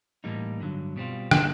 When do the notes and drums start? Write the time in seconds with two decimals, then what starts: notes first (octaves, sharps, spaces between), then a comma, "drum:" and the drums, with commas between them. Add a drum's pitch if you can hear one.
0.24 A2 E3 G3 A#3 D#4
0.60 G2 D3 F#3
0.96 B2 G3 C4 F4
1.31 D3 G3 A#3 D4, drum: rim click